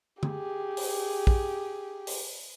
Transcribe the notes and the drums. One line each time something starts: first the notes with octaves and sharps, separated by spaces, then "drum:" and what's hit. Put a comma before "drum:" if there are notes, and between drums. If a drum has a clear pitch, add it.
G4 G#4, drum: tom
drum: open hi-hat
drum: kick
drum: open hi-hat